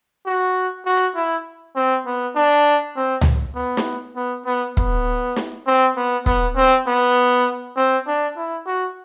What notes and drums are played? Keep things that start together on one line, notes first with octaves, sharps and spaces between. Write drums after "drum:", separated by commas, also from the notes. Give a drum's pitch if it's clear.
F#4
F#4
drum: hi-hat
E4
C4
B3
D4
C4
drum: tom C#2
B3
drum: snare
B3
B3
B3, drum: kick
drum: snare
C4
B3
B3, drum: kick
C4
B3
C4
D4
E4
F#4